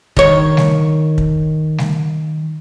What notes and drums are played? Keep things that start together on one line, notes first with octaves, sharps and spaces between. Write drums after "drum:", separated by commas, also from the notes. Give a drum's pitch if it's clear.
D#3 C#5, drum: kick
drum: snare
drum: kick
drum: snare